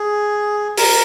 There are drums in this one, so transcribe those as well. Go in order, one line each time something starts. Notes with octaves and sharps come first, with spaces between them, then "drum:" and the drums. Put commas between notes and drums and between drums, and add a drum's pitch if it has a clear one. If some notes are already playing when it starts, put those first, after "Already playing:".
Already playing: G#4
A#4, drum: open hi-hat